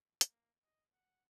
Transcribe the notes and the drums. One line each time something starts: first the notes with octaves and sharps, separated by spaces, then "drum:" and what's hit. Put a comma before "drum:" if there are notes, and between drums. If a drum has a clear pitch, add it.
A#3, drum: hi-hat
D#5
F#5